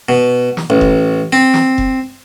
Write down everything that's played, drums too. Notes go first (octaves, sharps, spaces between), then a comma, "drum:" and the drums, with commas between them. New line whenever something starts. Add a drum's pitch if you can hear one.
B2
drum: snare
A1
drum: kick F1
C4
drum: snare
drum: kick F1